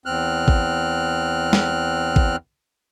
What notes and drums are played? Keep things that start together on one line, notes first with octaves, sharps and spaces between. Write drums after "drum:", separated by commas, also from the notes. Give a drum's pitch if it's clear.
E2 C4 F6 F#6
drum: kick G#1
drum: snare
drum: kick G#1